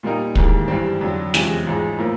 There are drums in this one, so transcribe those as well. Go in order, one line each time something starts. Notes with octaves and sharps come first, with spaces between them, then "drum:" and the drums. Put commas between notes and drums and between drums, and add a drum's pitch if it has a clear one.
A#2 G3 A#3 D#4
G#1 G#2 E3 G3 A#3, drum: kick
G2 E3 G3 C4
F2 D3 F#3
E2 C3 F3 G#3 C#4, drum: snare
A1 G#2 F3 G#3
A2 F3 A#3